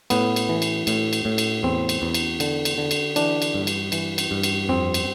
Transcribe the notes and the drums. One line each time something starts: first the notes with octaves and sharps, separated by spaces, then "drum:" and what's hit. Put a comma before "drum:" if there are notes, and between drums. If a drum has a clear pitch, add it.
A2 B3, drum: cymbal
drum: cymbal
E3
drum: cymbal
A2, drum: cymbal
drum: cymbal
A2
drum: cymbal
E2 C4
drum: cymbal
E2
drum: cymbal
D3, drum: cymbal
drum: cymbal
D3
drum: cymbal
E3 D4, drum: cymbal
drum: cymbal
G2
drum: cymbal
E3, drum: cymbal
drum: cymbal
G2
drum: cymbal
F2 C4
drum: cymbal